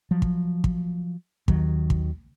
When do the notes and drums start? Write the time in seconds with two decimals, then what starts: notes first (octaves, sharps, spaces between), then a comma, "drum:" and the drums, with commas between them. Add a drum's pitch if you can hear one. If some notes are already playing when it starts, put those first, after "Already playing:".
0.11 F3 F#3
0.22 drum: kick
0.64 drum: kick
1.48 D#2 D#3 F#3, drum: kick
1.90 drum: kick